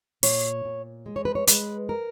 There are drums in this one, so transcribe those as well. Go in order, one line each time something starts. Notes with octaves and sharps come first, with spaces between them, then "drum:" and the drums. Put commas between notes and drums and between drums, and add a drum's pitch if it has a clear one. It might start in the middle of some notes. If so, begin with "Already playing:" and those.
A#2 C#5, drum: open hi-hat
A#2
G#3
C#5
B4
C#5
G#3 B4, drum: hi-hat
A#4